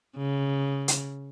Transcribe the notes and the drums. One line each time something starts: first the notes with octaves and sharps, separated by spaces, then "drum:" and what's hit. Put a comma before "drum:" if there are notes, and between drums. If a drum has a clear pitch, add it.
C#3
drum: hi-hat